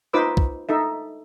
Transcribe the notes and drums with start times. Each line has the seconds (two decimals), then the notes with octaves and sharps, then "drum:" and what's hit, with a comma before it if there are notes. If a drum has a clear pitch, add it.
0.13 D#4 F4 B4 C5 D6 E6
0.37 drum: kick
0.69 D#4 A4 E5